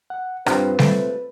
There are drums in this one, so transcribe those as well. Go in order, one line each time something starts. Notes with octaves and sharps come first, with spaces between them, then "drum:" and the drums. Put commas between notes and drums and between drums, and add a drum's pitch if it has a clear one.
F#5
G2 C4 F4 B4 C5, drum: rim click
A3, drum: snare G3